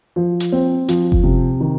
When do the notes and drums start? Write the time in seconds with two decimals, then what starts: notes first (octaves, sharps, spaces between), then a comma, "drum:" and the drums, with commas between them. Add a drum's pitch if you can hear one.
0.16 F3
0.40 drum: hi-hat
0.52 C4
0.88 F3, drum: hi-hat
1.12 drum: kick F#1
1.24 C3
1.60 D#3